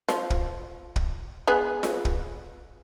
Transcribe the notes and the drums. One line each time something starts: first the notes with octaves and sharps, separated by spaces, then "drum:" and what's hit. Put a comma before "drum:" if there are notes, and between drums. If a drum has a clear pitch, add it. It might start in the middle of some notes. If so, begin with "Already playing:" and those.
F3, drum: snare F4
drum: kick
drum: kick
G#3 B3 G#4
drum: snare F4
drum: kick